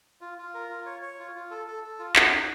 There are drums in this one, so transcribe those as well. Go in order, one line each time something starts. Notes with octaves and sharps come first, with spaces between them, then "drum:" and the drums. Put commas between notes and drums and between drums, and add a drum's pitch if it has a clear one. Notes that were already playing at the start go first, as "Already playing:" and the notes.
F4
F4
A#4
F4
C#5
C#5
F4
F4
A4
A4
A4
F4
F#4, drum: clap
D#4